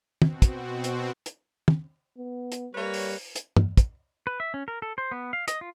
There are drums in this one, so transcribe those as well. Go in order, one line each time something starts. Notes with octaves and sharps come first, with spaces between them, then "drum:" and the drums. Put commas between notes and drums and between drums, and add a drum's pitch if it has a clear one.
B2 C4 F#4, drum: tom
drum: kick, hi-hat
drum: hi-hat
drum: hi-hat
drum: tom
B3
drum: hi-hat
G3 A#3 B4 C#5
drum: open hi-hat
drum: hi-hat
drum: tom
drum: kick, hi-hat
B4
E5
C#4
A#4
A4
C5
B3
F5
D#5, drum: hi-hat
F4